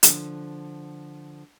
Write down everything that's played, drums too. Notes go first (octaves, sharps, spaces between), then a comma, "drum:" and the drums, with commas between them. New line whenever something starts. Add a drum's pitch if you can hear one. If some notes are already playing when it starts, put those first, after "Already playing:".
D3 F3, drum: hi-hat